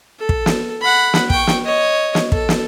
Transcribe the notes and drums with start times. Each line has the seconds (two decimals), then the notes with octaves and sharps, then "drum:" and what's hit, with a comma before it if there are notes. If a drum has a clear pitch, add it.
0.19 A4
0.29 drum: kick
0.46 drum: snare
0.81 F#5 B5
1.14 drum: snare
1.30 G5 C#6, drum: kick
1.47 drum: snare
1.65 C#5 D#5
2.15 drum: snare
2.32 A4, drum: kick
2.49 drum: snare